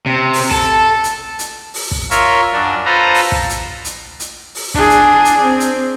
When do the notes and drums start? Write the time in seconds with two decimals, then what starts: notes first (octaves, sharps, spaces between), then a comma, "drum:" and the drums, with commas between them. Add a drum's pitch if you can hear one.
0.06 C3
0.33 drum: open hi-hat
0.51 A4, drum: kick
1.04 drum: hi-hat
1.39 drum: hi-hat
1.74 drum: open hi-hat
1.91 drum: kick
2.11 F4 A#4 C#5 E5, drum: hi-hat
2.53 F#2 D4
2.85 F4 A4 B4 C5 A#5
3.14 drum: open hi-hat
3.32 drum: kick
3.49 drum: hi-hat
3.84 drum: hi-hat
4.20 drum: hi-hat
4.55 drum: open hi-hat
4.74 D4 G#4, drum: kick
4.90 drum: hi-hat
5.25 drum: hi-hat
5.42 C4
5.60 drum: hi-hat